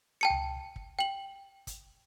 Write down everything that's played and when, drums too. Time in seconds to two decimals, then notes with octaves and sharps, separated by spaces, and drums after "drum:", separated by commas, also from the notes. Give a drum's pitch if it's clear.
0.21 G5 A5 C#7
0.30 drum: tom C#2
0.76 drum: kick
0.99 G5 F#7
1.67 drum: kick, hi-hat